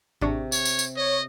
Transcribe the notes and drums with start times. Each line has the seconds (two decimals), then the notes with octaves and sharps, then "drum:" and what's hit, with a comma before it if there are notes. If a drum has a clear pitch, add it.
0.21 A1 C3 D4 C#6
0.52 C#5, drum: tambourine
0.65 drum: tambourine
0.79 drum: tambourine
0.97 C#5 D#5